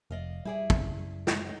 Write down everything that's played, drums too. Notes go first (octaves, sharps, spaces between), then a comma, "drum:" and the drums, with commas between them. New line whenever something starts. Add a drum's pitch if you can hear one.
F1 D5 D#5 F5
G3 E4 G#4 D5
F#2 C#3, drum: kick
drum: snare
F#3 G#3 D#4